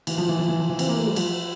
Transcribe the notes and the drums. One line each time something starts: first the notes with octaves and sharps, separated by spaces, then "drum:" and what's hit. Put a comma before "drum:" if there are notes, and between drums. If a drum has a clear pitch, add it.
E3, drum: cymbal
F3
E3
F3
E3
F3
E3
C4, drum: cymbal
A#3
A3
G3
F3, drum: cymbal